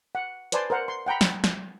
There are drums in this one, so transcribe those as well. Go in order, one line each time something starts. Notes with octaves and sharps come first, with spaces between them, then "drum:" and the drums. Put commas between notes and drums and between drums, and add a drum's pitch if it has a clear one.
F#5
B4 C5 D5 G#5 A5 C6, drum: hi-hat
A#4 C5 F#5
C6
F#5 G5 A#5 B5
drum: snare
drum: snare